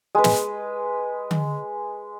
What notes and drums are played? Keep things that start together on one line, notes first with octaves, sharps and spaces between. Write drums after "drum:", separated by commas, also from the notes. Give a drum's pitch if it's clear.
G#3 B4
drum: snare
drum: tom D3